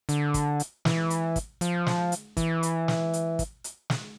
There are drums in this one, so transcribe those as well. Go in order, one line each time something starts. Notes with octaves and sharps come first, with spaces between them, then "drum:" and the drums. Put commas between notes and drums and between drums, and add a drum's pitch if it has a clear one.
D3, drum: hi-hat
drum: kick, hi-hat
drum: hi-hat
E3, drum: snare
drum: hi-hat
drum: kick, hi-hat
F3, drum: hi-hat
drum: snare
drum: hi-hat
E3, drum: kick, hi-hat
drum: hi-hat
drum: snare
drum: hi-hat
drum: kick, hi-hat
drum: hi-hat
drum: snare